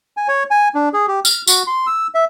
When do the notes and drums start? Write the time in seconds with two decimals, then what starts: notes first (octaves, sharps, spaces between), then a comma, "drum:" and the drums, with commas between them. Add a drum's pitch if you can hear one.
0.17 G#5
0.28 C#5
0.51 G#5
0.75 D4
0.93 G#4
1.08 G4
1.25 F6, drum: tambourine
1.47 F#4, drum: tambourine
1.67 C6
1.87 E6
2.15 E5